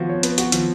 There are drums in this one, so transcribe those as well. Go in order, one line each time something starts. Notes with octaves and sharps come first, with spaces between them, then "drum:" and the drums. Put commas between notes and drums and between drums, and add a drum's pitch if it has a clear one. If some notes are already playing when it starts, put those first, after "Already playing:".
Already playing: F3 B3 F#4
C#5
B3, drum: hi-hat
F#4, drum: hi-hat
F3, drum: hi-hat